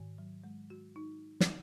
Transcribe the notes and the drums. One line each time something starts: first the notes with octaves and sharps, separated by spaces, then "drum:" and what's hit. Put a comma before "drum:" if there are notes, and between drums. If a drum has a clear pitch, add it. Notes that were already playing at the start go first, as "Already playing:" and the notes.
Already playing: G#2 D#3
F#3
G#3
F#4
D#4
drum: snare